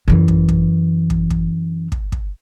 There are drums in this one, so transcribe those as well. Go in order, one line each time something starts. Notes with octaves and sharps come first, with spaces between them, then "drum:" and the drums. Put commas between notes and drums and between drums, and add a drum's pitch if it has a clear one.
F#2 E3
drum: kick
drum: kick
drum: kick
drum: kick
drum: kick
drum: kick